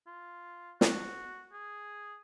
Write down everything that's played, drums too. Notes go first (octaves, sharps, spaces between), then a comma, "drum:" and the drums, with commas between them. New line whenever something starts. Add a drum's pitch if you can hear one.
F4
F#4, drum: snare
G#4